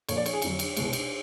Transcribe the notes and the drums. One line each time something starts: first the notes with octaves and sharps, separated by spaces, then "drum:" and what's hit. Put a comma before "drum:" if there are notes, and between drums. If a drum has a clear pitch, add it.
A#2 F3 A#3 C#5, drum: cymbal
D5
C#5, drum: cymbal
G#4
F2 D3 F#3, drum: cymbal
drum: cymbal
C2 B2 G#3, drum: cymbal
drum: cymbal